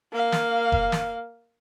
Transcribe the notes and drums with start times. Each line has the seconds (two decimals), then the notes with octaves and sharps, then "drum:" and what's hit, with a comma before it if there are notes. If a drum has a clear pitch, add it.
0.12 A#3 F5
0.32 drum: snare
0.72 drum: kick F1
0.92 drum: snare